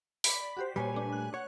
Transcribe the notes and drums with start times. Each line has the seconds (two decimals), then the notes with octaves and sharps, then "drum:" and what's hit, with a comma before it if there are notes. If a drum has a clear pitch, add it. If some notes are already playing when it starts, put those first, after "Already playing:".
0.24 D5 B5 B6, drum: open hi-hat
0.57 F#4 G4 C5
0.76 A#2 G3 B4 C#5 G#5
0.94 A3 D4
1.12 F#6
1.34 C#5 F#5